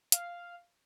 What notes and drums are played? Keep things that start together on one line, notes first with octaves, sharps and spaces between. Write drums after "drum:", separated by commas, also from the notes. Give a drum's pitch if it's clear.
F5, drum: hi-hat